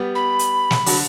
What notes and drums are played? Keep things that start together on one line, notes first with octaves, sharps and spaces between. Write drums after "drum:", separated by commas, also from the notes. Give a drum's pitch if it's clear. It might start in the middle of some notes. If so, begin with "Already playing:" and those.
Already playing: G3 B3
B5
drum: hi-hat
drum: snare
D3 F#3, drum: open hi-hat